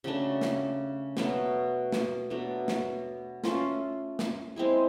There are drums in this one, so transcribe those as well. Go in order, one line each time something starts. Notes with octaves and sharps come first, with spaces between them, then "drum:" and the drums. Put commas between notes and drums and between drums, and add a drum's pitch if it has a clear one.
C#3 F#3 A3 D4
drum: snare
B2 F#3 A3, drum: snare
drum: snare
B2 F#3 A3 D4
drum: snare
A3 C#4 F4, drum: snare
drum: snare
G#3 C4 E4 G#4